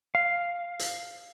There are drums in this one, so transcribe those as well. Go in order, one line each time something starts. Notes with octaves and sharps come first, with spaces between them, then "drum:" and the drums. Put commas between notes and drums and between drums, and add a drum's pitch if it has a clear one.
F5
drum: hi-hat